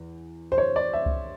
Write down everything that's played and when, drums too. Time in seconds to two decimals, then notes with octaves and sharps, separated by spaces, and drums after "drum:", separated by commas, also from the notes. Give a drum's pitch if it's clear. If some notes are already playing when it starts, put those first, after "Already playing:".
Already playing: E2
0.52 C5
0.58 C#5
0.76 D5
0.93 E5
1.06 drum: kick C2